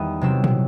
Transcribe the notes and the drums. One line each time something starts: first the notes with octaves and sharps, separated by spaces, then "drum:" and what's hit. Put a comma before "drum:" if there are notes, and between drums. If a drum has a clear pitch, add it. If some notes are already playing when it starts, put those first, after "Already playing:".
Already playing: E2 D#3 G3 B3 D#6
C3 F#3 C4 E6
drum: tom A#2